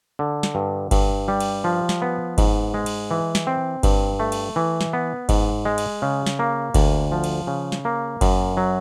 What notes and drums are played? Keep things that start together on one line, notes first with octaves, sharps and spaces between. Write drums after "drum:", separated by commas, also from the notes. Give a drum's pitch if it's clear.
D3
drum: snare
G2
G2, drum: kick G1, cymbal
G3
drum: cymbal
F3
drum: snare
B3
G#2, drum: kick G1, cymbal
G#3
drum: cymbal
E3
drum: snare
C4
G2, drum: kick G1, cymbal
A3
drum: cymbal
E3
drum: snare
B3
G#2, drum: kick G1, cymbal
G#3
drum: cymbal
C#3
drum: snare
A#3
D2, drum: kick G1, cymbal
F3
drum: cymbal
C#3
drum: snare
A#3
F#2, drum: kick G1, cymbal
F#3